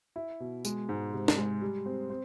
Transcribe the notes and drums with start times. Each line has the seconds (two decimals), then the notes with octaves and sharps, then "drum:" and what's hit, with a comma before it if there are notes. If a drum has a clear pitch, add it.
0.16 E4
0.40 B2
0.65 G#3, drum: tambourine
0.89 G#2
1.13 C3
1.28 drum: snare
1.38 G#3
1.62 G3
1.86 C4
2.10 C4